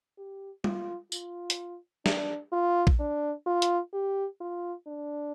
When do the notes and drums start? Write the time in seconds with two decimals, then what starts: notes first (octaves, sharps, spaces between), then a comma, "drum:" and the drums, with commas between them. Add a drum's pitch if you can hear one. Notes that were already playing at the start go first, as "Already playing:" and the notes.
0.18 G4
0.64 F4, drum: tom G3
1.12 F4, drum: tambourine
1.50 drum: hi-hat
2.06 D4, drum: snare
2.53 F4
2.87 drum: kick A#1
2.99 D4
3.46 F4
3.62 drum: hi-hat
3.93 G4
4.41 F4
4.87 D4